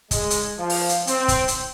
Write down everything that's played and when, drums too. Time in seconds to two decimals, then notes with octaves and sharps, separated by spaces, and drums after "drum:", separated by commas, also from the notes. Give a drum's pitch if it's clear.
0.11 G#3, drum: kick, hi-hat
0.30 drum: hi-hat
0.58 F3
0.70 drum: open hi-hat
0.89 drum: hi-hat
1.07 C4, drum: hi-hat
1.28 drum: kick, hi-hat
1.48 drum: hi-hat